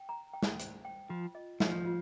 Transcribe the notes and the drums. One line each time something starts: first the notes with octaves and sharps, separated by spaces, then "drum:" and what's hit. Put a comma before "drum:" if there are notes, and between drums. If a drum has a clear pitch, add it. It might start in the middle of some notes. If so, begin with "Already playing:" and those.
Already playing: G5
A#5
G5
drum: snare
C5, drum: hi-hat
G5
F3 F4
D#5
F3 D#5, drum: snare
F4